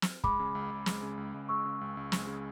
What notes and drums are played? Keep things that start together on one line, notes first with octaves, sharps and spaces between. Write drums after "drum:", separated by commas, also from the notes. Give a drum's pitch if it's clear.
drum: snare
G#3 B5 D6, drum: kick
C#3
C#2
C#2
G#3, drum: snare
C#3
C#2
C#2
G#3 C#6 E6
C#3
C#2
C#2
G#3, drum: snare
C#3